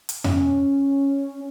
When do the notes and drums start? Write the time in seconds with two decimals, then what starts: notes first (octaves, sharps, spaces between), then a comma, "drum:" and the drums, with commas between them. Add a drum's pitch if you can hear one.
0.09 drum: hi-hat
0.24 C#4, drum: tom F2